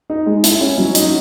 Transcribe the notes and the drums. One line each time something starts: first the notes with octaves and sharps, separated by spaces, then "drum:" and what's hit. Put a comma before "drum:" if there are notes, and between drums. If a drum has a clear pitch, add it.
D#4
G#3
E4, drum: hi-hat
C#4
F#3
D#4, drum: hi-hat